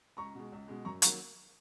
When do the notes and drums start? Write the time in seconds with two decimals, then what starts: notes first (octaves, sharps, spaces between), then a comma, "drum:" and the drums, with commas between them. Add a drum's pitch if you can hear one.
0.17 C#2 A#5 C#6
0.35 B2 G#3
0.52 C#2
0.68 B2 G#3
0.85 F#2 A#5 C#6
1.02 D#3 F#3 A#3 A#5 C#6, drum: hi-hat